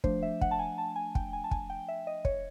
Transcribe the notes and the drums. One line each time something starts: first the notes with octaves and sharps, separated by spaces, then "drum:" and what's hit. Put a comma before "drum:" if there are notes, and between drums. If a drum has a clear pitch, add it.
F3 A3 D4 C5, drum: kick
E5
F#5, drum: kick
A5
G#5
A5
G#5
G5, drum: kick
G#5
A5
G#5, drum: kick
G5
E5
D#5
C#5, drum: kick